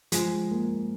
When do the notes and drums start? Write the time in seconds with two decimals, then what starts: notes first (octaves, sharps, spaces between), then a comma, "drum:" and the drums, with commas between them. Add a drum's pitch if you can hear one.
0.12 F3 G#3, drum: hi-hat
0.51 A#3